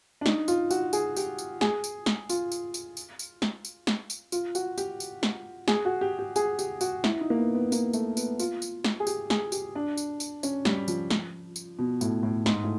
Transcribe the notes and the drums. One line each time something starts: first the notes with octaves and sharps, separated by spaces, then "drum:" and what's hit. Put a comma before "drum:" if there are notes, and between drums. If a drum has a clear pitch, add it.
D4
D#4, drum: snare
F4, drum: tambourine
F#4, drum: tambourine
G#4, drum: tambourine
G4, drum: tambourine
drum: tambourine
G#4, drum: snare
drum: tambourine
drum: snare
F4, drum: tambourine
drum: tambourine
drum: tambourine
drum: tambourine
drum: tambourine
drum: snare
drum: tambourine
drum: snare
drum: tambourine
F4, drum: tambourine
F#4, drum: tambourine
G4, drum: tambourine
drum: tambourine
drum: snare
G#4, drum: snare
F#4
G4
G4
G#4, drum: tambourine
G4, drum: tambourine
F#4, drum: tambourine
E4, drum: snare
D#4
A#3
B3
B3
A#3, drum: tambourine
A3, drum: tambourine
B3, drum: tambourine
F4, drum: tambourine
drum: tambourine
drum: snare
G#4
G4, drum: tambourine
G#4, drum: snare
G4, drum: tambourine
D4
drum: tambourine
drum: tambourine
C#4, drum: tambourine
G3, drum: snare
F3, drum: tambourine
drum: snare
drum: tambourine
B2
A2, drum: tambourine
A2
G#2, drum: snare
A2